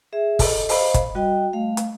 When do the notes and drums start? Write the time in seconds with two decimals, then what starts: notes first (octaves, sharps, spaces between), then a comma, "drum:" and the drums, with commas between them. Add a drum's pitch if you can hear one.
0.13 G#4 E5
0.39 A4 D#5, drum: kick, open hi-hat
0.69 C5 D#5 F5 B5, drum: open hi-hat
0.94 drum: kick, hi-hat
1.15 G3 F#4 D#5 G5
1.53 A3 F5
1.77 drum: hi-hat